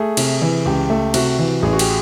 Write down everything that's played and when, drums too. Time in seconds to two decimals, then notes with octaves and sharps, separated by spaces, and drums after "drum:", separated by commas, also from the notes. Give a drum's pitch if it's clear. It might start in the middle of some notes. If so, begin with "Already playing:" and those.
Already playing: A3 G#4
0.17 C3, drum: cymbal
0.41 E3
0.65 C#2 G4
0.90 A3
1.14 C3 F#4, drum: cymbal
1.39 E3
1.62 A1 G#4
1.73 F#4
1.79 G4, drum: cymbal